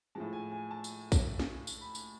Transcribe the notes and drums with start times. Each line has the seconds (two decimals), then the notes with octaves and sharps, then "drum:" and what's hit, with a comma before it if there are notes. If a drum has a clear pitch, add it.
0.15 A2 F3 G#3 A5
0.33 G#5
0.52 G#5
0.71 A5
0.84 drum: tambourine
1.12 drum: kick A#1, tambourine
1.39 drum: snare
1.67 drum: tambourine
1.81 B5
1.95 drum: tambourine